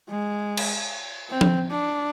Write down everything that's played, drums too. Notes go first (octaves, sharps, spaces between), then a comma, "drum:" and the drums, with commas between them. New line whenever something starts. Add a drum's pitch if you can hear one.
G#3
drum: cymbal
C4
drum: tom F3
D4